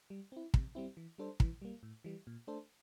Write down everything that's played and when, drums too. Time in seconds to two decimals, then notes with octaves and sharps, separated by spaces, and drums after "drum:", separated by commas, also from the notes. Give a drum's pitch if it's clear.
0.10 G3
0.32 C4 E4
0.54 C3, drum: kick
0.75 G3 C4 E4
0.97 E3
1.18 G3 D4 A4 C5
1.40 E3, drum: kick
1.62 G3 A#3
1.83 A2
2.04 E3 G3
2.27 A#2
2.47 A3 D4 A4 C5